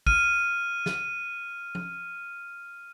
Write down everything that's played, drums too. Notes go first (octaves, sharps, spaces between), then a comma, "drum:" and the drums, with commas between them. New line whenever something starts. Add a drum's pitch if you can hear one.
F6 D#7, drum: kick
drum: snare
drum: tom F3